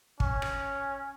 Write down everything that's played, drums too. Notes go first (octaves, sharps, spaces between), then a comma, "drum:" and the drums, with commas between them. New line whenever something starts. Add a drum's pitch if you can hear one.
C#4, drum: kick
drum: rim click